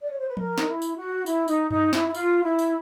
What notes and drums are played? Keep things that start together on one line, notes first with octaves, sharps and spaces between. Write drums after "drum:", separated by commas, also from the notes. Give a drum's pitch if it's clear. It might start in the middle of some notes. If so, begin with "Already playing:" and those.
D5
C#5
C5
B4
A#4, drum: tom F3
D#4, drum: snare
E4
drum: tambourine
F#4
E4, drum: tambourine
D#4, drum: tambourine
D#4, drum: tom G2
E4, drum: snare
E4
F4, drum: tambourine
E4
drum: tambourine